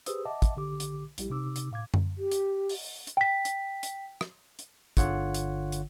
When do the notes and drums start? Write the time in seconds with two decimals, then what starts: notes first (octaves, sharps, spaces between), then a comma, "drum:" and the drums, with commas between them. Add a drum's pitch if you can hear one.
0.06 G4 G#4 B4 C5 D#6 E6, drum: hi-hat
0.25 D#5 E5 F#5 A5 D6
0.42 drum: kick, hi-hat
0.56 A#1 D3 G4 D6
0.80 drum: hi-hat
1.18 A#1 G3 E4 G4, drum: hi-hat
1.30 C3 D#4 D6 E6
1.56 drum: hi-hat
1.71 A2 F5 D6 G#6
1.94 drum: tom F#2
2.18 G4
2.32 drum: hi-hat
2.69 drum: open hi-hat
3.07 drum: hi-hat
3.17 G5 B6
3.45 drum: hi-hat
3.83 drum: hi-hat
4.21 drum: rim click
4.59 drum: hi-hat
4.97 G1 D3 F4 C#5 F#5, drum: kick, hi-hat
5.34 drum: hi-hat
5.72 drum: hi-hat